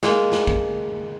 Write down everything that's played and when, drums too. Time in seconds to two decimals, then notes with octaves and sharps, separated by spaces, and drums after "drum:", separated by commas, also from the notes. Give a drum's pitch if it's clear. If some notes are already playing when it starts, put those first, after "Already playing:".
0.03 G#3 A#3, drum: snare
0.32 drum: snare
0.47 drum: kick A1